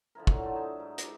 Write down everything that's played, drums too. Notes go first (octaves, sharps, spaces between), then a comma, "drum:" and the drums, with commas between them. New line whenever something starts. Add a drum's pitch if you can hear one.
D3 F3 E4 A#4
F#2 E3 F#3 C5, drum: kick
D3 F#3 A3 F4
D#4 E5 G#5 A5
G#2
D#4 E4 A#4 D5, drum: hi-hat